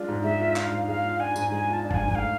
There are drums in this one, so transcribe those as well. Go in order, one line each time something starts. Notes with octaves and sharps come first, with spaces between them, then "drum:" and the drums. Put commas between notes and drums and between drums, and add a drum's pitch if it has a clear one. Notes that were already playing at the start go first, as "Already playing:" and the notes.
Already playing: G#3 D4 F4
G#2
G#3 E5
F4
D4 F5, drum: clap
G#2
G#3 F5
F4
D4 G#5
G#2, drum: tambourine
G#3 G#5
F4 A5
D4
F5, drum: kick
G#5
G#2
G#5, drum: kick
A3 F5